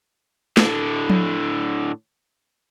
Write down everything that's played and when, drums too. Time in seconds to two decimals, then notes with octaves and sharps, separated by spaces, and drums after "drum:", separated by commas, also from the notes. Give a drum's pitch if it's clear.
0.57 A2 D3, drum: snare
1.10 drum: tom F3